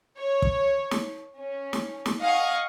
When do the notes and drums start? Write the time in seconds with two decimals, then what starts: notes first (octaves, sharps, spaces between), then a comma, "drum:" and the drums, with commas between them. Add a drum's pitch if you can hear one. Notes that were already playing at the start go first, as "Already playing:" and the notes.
0.19 C#5
0.42 drum: kick
0.91 drum: snare
1.38 C#4
1.73 drum: snare
2.06 drum: snare
2.22 D#5 F5 F#5 G#5 C#6